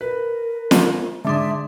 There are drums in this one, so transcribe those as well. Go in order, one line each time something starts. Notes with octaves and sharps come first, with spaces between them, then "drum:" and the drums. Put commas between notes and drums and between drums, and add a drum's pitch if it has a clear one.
A#4 B4
drum: snare
G#2 D3 D4 E5 C6 D6 D#6